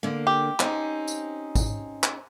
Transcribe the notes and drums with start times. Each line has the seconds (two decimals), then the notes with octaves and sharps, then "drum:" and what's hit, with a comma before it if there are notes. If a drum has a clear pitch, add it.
0.03 D3 A#3
0.27 G4
0.60 C4 C#4 D#4, drum: clap
1.07 drum: tambourine
1.55 drum: kick, tambourine
2.03 drum: clap